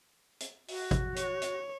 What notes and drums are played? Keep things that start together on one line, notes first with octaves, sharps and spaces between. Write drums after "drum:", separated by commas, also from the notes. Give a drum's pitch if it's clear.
drum: hi-hat
F#4, drum: open hi-hat
drum: kick G#1, hi-hat
C#5, drum: hi-hat
drum: hi-hat